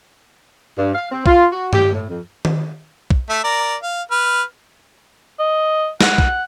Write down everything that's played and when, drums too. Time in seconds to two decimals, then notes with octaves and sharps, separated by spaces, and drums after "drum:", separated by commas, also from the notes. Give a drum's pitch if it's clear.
0.78 G2
0.95 F5
1.12 C4
1.26 F4, drum: kick
1.53 F#4
1.73 G4, drum: tom G2
1.92 A2
2.09 F2
2.45 drum: tom D#3
3.10 drum: kick
3.29 A3 E5
3.44 A#4 D5 A#5
3.82 F5
4.11 B4 F6
5.39 D#5
6.01 F#5, drum: snare
6.18 drum: kick